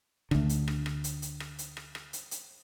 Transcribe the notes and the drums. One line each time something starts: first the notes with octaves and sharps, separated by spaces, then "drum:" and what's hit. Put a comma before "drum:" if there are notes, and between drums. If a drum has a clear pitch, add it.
D2 D3, drum: rim click
drum: hi-hat
drum: rim click
drum: rim click
drum: hi-hat
drum: hi-hat
drum: rim click
drum: hi-hat
drum: rim click
drum: rim click
drum: hi-hat
drum: hi-hat